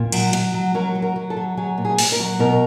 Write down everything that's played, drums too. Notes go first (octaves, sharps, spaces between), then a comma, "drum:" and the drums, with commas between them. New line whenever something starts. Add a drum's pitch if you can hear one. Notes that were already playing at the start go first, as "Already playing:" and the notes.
Already playing: A#2
F#3, drum: cymbal
F#3, drum: hi-hat
F#3
F#3 A#4
F#3
A#4
F#3
A4
F#3
F#3 G#4
A#2
G#4
A#2, drum: open hi-hat
A#4
F#3
B2 A#4